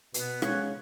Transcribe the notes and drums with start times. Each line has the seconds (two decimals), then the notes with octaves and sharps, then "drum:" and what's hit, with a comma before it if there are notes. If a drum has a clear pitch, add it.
0.14 B2 B3, drum: hi-hat
0.42 C#3 G#3 C#4 C#5 F#5, drum: rim click